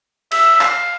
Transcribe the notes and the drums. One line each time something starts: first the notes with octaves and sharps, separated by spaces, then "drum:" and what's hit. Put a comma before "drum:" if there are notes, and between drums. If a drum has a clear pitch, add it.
E5, drum: cymbal
E5
F5, drum: clap